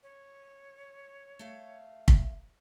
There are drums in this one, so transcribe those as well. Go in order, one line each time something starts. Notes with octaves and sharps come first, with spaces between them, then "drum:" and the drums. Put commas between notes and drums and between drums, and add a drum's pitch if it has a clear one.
C#5
A3 F5
drum: kick